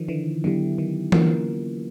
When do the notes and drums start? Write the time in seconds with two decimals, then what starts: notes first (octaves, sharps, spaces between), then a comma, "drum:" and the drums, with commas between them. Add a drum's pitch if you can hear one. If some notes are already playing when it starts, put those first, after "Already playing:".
Already playing: D#3 F3
0.08 D3 E3
0.44 D3 D#3 F#3 B3 E4 G4
0.78 D#3
1.12 D3 E3 A#3 C#4 F4 A#4, drum: tom E3